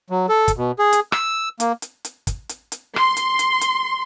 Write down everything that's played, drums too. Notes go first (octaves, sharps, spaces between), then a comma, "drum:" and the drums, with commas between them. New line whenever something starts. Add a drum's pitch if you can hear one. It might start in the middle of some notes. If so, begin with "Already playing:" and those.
F#3
A4
drum: kick, hi-hat
B2
G#4
drum: hi-hat
E6, drum: rim click
A#3, drum: hi-hat
drum: hi-hat
drum: hi-hat
drum: kick, hi-hat
drum: hi-hat
drum: hi-hat
C6, drum: rim click
drum: hi-hat
drum: hi-hat
drum: hi-hat